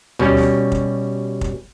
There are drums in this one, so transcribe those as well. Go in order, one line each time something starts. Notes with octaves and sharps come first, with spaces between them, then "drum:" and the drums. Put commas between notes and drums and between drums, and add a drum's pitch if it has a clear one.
B2 G3 C#4, drum: tom
drum: snare
drum: kick
drum: kick